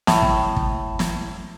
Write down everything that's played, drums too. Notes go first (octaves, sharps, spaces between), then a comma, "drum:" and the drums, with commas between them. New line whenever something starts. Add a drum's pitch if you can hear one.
A2, drum: snare
drum: kick
drum: kick
drum: snare